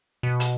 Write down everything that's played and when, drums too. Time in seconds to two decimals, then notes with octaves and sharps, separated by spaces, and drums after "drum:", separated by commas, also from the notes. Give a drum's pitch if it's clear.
0.23 B2
0.40 drum: hi-hat